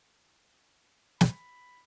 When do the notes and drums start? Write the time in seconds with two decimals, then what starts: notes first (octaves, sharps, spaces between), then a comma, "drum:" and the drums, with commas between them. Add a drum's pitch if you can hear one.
1.21 B5, drum: snare